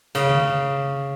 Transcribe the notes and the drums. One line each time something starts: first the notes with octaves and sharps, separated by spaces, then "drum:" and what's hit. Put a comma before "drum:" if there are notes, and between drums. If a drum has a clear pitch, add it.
C#3, drum: cymbal
drum: tom